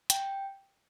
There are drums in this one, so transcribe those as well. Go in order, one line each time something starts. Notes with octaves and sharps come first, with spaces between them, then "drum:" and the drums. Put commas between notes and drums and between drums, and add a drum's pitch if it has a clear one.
G5, drum: hi-hat